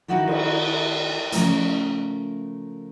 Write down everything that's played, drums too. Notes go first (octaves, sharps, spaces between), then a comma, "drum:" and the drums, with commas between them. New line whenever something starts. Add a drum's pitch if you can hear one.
D#3 D#4 E4 F#4 G4 A4
drum: cymbal
C#3 F3 A3 A#4, drum: hi-hat